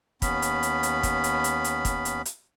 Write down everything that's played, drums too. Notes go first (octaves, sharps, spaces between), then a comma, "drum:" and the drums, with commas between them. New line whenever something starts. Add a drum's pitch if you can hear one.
D#2 B3 C#4 B5, drum: kick, hi-hat
drum: hi-hat
drum: hi-hat
drum: hi-hat
drum: kick, hi-hat
drum: hi-hat
drum: hi-hat
drum: hi-hat
drum: kick, hi-hat
drum: hi-hat
drum: hi-hat